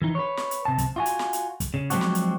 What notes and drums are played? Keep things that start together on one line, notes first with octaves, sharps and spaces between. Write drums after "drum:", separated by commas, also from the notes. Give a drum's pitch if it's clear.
E3 D#4
B4 C#5
drum: snare
drum: hi-hat
C3 A5
drum: kick, hi-hat
F4 F#4 G#5
drum: hi-hat
drum: snare
drum: hi-hat
drum: kick, hi-hat
C#3
F3 F#3 G#3 C4 D4 F#4, drum: hi-hat
drum: snare
drum: hi-hat